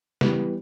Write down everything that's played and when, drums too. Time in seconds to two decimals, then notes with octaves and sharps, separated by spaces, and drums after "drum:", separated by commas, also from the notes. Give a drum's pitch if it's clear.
0.21 E3 G3 B3, drum: snare